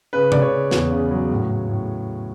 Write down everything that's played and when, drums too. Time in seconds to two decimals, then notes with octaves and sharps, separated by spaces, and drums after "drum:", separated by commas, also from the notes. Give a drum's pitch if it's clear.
0.13 C#3 B4
0.32 C#3 D5, drum: tom C3
0.42 C#5
0.52 C#3
0.71 E2, drum: snare
0.90 C#3
1.11 F#3
1.30 A2
1.49 A2
1.69 A2